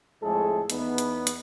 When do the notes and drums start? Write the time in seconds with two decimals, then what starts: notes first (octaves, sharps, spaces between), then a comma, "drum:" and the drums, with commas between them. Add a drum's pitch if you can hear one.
0.23 F2 A2 G#3 A3 G#4 A4
0.70 E2 B3 D#4, drum: hi-hat
0.98 drum: hi-hat
1.27 drum: hi-hat